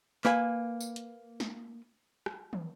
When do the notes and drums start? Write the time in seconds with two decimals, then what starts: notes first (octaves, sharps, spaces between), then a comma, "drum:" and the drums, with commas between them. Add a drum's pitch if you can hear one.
0.25 A#3 B4 G#5, drum: clap
0.81 drum: tambourine
0.96 drum: hi-hat
1.40 drum: snare
2.26 drum: rim click
2.53 drum: tom